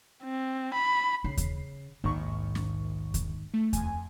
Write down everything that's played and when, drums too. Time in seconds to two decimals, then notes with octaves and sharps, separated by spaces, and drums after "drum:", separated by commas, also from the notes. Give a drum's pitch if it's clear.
0.24 C4
0.74 B5
1.24 C#3 C7
1.37 drum: kick D#2, hi-hat
2.04 A#1 D#2 G#2 D#3 C#6
2.55 drum: snare
3.14 drum: kick D#2, hi-hat
3.54 A3
3.73 F2 G#5, drum: kick D#2, hi-hat